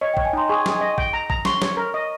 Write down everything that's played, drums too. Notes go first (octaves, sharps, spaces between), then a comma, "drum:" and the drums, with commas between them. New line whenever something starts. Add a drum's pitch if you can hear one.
C#5 D#5
G5
C#5, drum: kick A1
G#5
D#4 C6
G#4 C#6
G#4, drum: snare
D#5
G5, drum: kick A1
A#5
A#5, drum: kick A1
C6 C#6, drum: snare
C#5, drum: snare
A#4
D#5